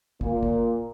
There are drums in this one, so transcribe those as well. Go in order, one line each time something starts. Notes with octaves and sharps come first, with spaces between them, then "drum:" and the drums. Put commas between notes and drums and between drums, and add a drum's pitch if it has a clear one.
A#2 A#3, drum: kick
drum: kick